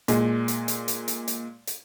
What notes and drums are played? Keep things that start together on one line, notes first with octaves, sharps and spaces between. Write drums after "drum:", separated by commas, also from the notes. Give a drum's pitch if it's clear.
A#2 G#3, drum: hi-hat
drum: hi-hat
drum: hi-hat
drum: hi-hat
drum: hi-hat
drum: hi-hat
drum: hi-hat